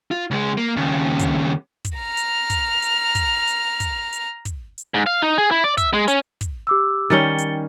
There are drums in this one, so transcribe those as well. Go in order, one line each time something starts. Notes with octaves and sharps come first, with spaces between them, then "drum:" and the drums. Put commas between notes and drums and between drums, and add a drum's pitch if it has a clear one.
F4
C#2 G#3
A#3
D#2 C#3
drum: kick, hi-hat
drum: kick, hi-hat
A#5 F6
drum: hi-hat
drum: kick, hi-hat
drum: hi-hat
drum: kick, hi-hat
drum: hi-hat
drum: kick, hi-hat
drum: hi-hat
drum: kick, hi-hat
drum: hi-hat
G#2
F5
D#4
G#4
E4
D5
E5, drum: kick, hi-hat
G#3
C#4, drum: hi-hat
drum: kick, hi-hat
G4 D6 E6
D#3 G3 C#4 A6 C#7 G7
drum: hi-hat